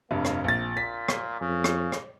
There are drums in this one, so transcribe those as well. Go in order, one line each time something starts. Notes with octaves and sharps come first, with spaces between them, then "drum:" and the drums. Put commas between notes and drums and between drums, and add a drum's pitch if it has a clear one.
F1 G2 A#3
drum: rim click
A#1 A6
A#2 B6
drum: rim click
F2 C#3
drum: rim click
drum: rim click